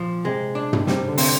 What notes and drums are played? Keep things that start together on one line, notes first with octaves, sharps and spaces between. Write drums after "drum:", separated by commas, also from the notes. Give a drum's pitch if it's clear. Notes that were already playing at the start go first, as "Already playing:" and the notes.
Already playing: A#2 F3
C3 G#3
D4
drum: tom
C3 G3, drum: snare
D3
C4, drum: open hi-hat